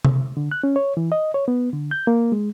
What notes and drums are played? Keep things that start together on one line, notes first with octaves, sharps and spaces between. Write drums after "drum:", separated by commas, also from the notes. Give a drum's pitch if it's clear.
drum: tom C3
D3
F#6
C#4
C#5
E3
D#5
C#5
B3
D3
G6
A#3
G#3